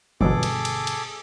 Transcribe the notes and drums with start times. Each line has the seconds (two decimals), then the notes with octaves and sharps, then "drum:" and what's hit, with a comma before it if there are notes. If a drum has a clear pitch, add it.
0.21 G1 B2 G#4 A4 D6, drum: tom D#3
0.43 drum: cymbal
0.65 drum: cymbal
0.87 drum: cymbal